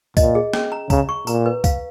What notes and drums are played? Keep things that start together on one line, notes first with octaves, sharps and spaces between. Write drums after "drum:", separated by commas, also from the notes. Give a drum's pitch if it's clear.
A#2 D#5, drum: kick C2, tambourine
G#4
C#4, drum: snare
A#5
C#3 A#5, drum: kick C2, tambourine
C#6
A#2 A#5, drum: tambourine
B4
F5, drum: kick C2, tambourine